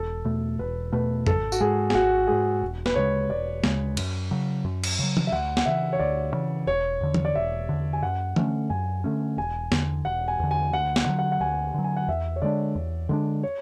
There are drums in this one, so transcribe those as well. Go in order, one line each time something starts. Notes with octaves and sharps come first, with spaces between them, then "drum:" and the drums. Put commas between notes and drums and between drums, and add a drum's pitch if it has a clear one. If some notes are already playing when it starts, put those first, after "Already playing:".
Already playing: E1 A4
E2 B2 A3
E1 B4
E2 B2 A3 B4
G#1 A4, drum: tom F2
F#4, drum: tambourine
G#2 G#3 G#4
G#4, drum: snare
G#1 F#4
G#2 G#3 G#4
E1
B4, drum: snare
D2 C#3 G#3 C#5
E1 D5
D2 C#3 G#3, drum: snare
F#2, drum: cymbal
C#3 F#3
F#2
drum: cymbal
C#3 F#3
drum: tom E3
E5
D2 F#5
F#5, drum: snare
C#3 E3 E5
C#5
D2 D5
C#3 E3
E1 C#5
E2 D3
drum: tom E3
D5
E1 E5
E2 D3
G#5
F#2 F#5
D3 A3 C#4, drum: tom E3
F#2 G#5
D3 A3 C#4
E1 G#5
E2 D3, drum: snare
E1 F#5
G#5
E2 D3
G#5
D2 F#5
F#5, drum: snare
D3 F#3
F#5
F#5
D2 G#5
D3 F#3
G#5
F#5
E2 E5
C#5
D3 G#3 D4 D5
E2
D3 G#3 D4
C#5